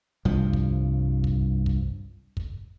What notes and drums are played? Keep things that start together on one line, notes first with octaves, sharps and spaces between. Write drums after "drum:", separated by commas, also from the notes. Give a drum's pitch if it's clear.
C2 G2 F3
drum: kick
drum: kick
drum: kick
drum: kick